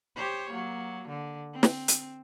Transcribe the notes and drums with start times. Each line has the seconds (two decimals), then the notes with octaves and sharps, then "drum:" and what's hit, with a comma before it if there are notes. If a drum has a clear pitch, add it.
0.16 G4 C5 C#5
0.51 F#3 A#3
1.08 D3
1.53 C4
1.63 drum: snare
1.88 drum: hi-hat